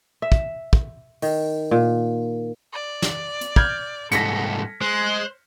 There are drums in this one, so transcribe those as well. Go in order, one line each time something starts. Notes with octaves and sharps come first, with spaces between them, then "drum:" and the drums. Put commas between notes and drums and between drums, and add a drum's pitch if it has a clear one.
E5
drum: kick
drum: kick
D#3, drum: open hi-hat
A#2
D5
drum: snare
drum: hi-hat
F6 G6 G#6, drum: kick
C2 G#2 A4 A#6 B6 C#7, drum: hi-hat
G#3 C5 F#6